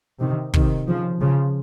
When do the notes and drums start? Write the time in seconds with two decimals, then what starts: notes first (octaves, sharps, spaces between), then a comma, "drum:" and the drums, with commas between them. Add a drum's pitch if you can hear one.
0.20 C3 D#3
0.54 C3 D#3, drum: kick
0.87 C#3 F3
1.20 C#3 F3